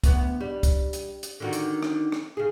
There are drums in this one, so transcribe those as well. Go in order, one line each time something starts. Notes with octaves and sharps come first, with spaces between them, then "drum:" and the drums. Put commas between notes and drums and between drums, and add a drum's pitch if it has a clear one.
D2 B3, drum: kick, hi-hat
G3
drum: kick, hi-hat
drum: hi-hat
drum: hi-hat
D3 D#3 F#4
drum: hi-hat
drum: rim click
drum: rim click
C#3 G#4